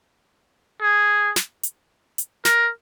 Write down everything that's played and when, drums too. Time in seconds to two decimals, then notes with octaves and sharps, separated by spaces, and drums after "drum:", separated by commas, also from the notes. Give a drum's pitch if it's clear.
0.82 G#4
1.36 drum: snare
1.63 drum: hi-hat
2.18 drum: hi-hat
2.45 A#4, drum: snare